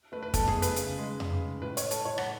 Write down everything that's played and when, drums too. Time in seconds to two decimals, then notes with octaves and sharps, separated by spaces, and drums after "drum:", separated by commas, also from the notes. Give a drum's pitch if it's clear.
0.12 A3 B4
0.23 B4
0.34 B2 A4, drum: kick, hi-hat
0.47 G#4, drum: tom F2
0.55 A3
0.62 B4, drum: hi-hat
0.76 C#3, drum: hi-hat
0.98 G#3
1.20 C#3, drum: tom F2
1.41 G#3
1.62 A2 B4
1.77 C#5, drum: hi-hat
1.84 G#3
1.91 A4, drum: hi-hat
2.05 A2 C#5
2.18 F#5, drum: rim click